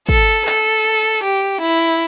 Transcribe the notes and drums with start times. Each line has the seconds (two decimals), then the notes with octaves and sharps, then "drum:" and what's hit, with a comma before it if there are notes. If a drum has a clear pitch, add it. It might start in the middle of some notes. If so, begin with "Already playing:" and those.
0.09 A4, drum: kick
0.47 A4, drum: clap
1.24 G4, drum: hi-hat
1.61 E4